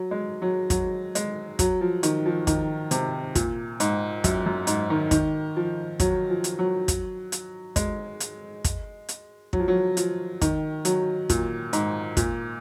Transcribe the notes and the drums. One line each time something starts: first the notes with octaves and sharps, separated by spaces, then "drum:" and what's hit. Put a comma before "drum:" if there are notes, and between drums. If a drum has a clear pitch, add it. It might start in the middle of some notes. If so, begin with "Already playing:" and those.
Already playing: F#3
G#3
F#3
F#3, drum: kick, hi-hat
G#3, drum: hi-hat
F#3, drum: kick, hi-hat
F3
D#3, drum: hi-hat
F3
D#3, drum: kick, hi-hat
C3, drum: hi-hat
A#2, drum: kick, hi-hat
G#2, drum: hi-hat
F#2, drum: kick, hi-hat
F#2
G#2, drum: hi-hat
D#3
D#3, drum: kick, hi-hat
F3
F#3, drum: kick, hi-hat
F3
drum: hi-hat
F#3
drum: kick, hi-hat
drum: hi-hat
G#3, drum: kick, hi-hat
drum: hi-hat
drum: kick, hi-hat
drum: hi-hat
F#3, drum: kick
F3
F#3
F3, drum: hi-hat
D#3, drum: kick, hi-hat
F#3, drum: hi-hat
A#2, drum: kick, hi-hat
G#2, drum: hi-hat
A#2, drum: kick, hi-hat